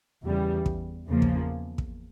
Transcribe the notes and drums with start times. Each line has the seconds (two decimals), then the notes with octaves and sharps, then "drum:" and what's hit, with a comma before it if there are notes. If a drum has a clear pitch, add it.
0.24 E2 C#3 G3
0.66 drum: kick
1.08 E2 C#3 F3 A#3
1.22 drum: kick
1.78 drum: kick